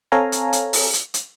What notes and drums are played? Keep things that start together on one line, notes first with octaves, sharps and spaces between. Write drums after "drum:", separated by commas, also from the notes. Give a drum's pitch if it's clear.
C4 A4 C#5 F5 G#5 A#5
drum: hi-hat
drum: hi-hat
drum: open hi-hat
drum: hi-hat
drum: hi-hat